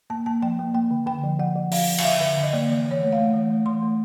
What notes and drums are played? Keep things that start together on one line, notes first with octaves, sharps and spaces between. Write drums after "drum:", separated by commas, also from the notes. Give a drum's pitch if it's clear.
A#3 A5
A#3 A5
F3 G5
A#3
A#3 G5
D3
D3 G5
F3
F3 F#5
F3
F3 F5, drum: open hi-hat
F3
F5, drum: cymbal
D3 E5
D3 E5
D3
D#5
A#3 D5
E3
E3
C#5
A3
F5
A3
E3
A3
E3 C6
A3